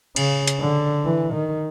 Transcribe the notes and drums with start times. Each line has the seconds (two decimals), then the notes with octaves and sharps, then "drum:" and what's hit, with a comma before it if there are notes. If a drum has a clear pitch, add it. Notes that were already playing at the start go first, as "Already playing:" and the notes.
0.16 C#3, drum: cymbal
0.47 drum: hi-hat
0.60 D3
1.05 E3
1.33 D#3